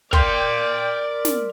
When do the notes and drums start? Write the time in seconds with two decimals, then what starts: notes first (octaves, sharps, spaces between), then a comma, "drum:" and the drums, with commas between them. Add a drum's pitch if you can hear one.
0.13 A#4 D5 G5 C6, drum: kick
1.25 drum: snare